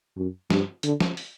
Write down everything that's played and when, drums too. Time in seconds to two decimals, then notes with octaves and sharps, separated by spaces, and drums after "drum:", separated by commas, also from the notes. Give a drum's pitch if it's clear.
0.17 F#2
0.50 G2, drum: snare
0.83 D3, drum: hi-hat
1.00 drum: snare
1.17 drum: open hi-hat